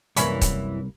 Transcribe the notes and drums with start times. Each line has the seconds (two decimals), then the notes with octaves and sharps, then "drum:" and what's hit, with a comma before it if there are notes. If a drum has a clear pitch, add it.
0.16 C2 F#2 E3 A#3 C#4 E4 B5 C#6, drum: hi-hat
0.41 drum: kick, hi-hat